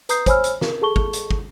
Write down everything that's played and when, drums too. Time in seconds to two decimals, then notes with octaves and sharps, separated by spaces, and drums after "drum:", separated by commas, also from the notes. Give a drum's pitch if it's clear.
0.09 B4 A#5 D#6 G6 C7, drum: hi-hat
0.26 C5 C#5 G#5 B5 E6 F6, drum: kick, hi-hat
0.44 drum: hi-hat
0.61 A#4, drum: snare
0.82 G#4 A4 A5 C#6 G7
0.96 drum: kick
1.13 drum: hi-hat
1.31 drum: kick